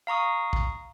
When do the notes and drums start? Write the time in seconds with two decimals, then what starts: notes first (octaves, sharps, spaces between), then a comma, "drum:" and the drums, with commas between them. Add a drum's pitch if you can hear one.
0.07 F5 A#5 C#6 D#6
0.53 drum: kick